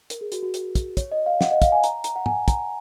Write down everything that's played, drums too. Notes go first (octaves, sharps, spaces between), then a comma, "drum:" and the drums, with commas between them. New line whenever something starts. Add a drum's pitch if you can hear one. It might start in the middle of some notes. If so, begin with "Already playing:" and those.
A#4, drum: hi-hat
G#4
F#4, drum: hi-hat
F#4
drum: hi-hat
drum: kick, hi-hat
C#5, drum: kick, hi-hat
D#5
F5
F#5, drum: snare
D#5
F5, drum: kick, hi-hat
G#5
A#5, drum: hi-hat
A#5, drum: hi-hat
F#5
G#5, drum: tom
A#5, drum: kick, hi-hat